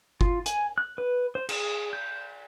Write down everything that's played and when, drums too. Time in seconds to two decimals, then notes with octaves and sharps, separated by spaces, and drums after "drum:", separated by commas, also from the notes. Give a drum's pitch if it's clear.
0.21 F4, drum: kick G1
0.46 G#5, drum: hi-hat
0.78 F#6
0.98 B4
1.35 C5
1.49 G#4, drum: cymbal
1.93 G6